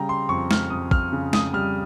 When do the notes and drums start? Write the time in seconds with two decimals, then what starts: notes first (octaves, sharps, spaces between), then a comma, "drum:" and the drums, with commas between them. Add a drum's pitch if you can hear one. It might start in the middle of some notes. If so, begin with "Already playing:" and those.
Already playing: C#3 G3 G5 A#5
0.09 C6
0.29 F2 C#6
0.51 F6, drum: snare
0.70 F2 D#6
0.91 F6, drum: kick
1.13 C#3
1.33 D#6, drum: snare
1.53 G3 F6